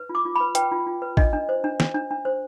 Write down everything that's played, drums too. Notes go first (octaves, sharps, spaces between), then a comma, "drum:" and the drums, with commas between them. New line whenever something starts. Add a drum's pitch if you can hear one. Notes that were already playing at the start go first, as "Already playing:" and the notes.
Already playing: B4
F4
D6
F4
B4 B5
B4 G5, drum: hi-hat
F4
F4
B4
D4 D#5, drum: kick
D4
C5
D4
D4, drum: snare
D4
D4
C5